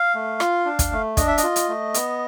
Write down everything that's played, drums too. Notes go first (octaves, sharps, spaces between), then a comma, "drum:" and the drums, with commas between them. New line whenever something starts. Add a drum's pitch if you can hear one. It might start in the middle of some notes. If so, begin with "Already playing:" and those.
Already playing: F5
A3
F4, drum: rim click
D4
drum: kick, hi-hat
A3
D4 D#5, drum: kick, hi-hat
E5
D#5, drum: hi-hat
F4
drum: hi-hat
A3
B3, drum: hi-hat